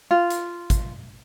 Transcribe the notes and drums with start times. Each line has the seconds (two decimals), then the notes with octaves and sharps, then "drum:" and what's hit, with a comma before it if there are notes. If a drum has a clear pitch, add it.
0.11 F4
0.30 drum: hi-hat
0.70 drum: kick G#1, hi-hat